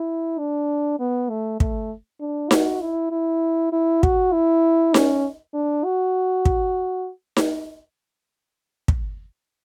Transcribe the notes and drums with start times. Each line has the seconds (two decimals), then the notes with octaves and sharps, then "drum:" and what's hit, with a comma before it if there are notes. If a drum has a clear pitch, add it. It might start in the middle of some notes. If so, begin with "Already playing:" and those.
Already playing: E4
0.39 D4
1.00 B3
1.29 A3
1.60 A3, drum: kick
2.20 D4
2.51 F#4, drum: snare D#4
2.81 E4
3.11 E4
3.73 E4
4.03 F#4, drum: kick
4.33 E4
4.94 C#4, drum: snare D#4
5.54 D4
5.85 F#4
6.45 drum: kick
7.37 drum: snare D#4
8.88 drum: kick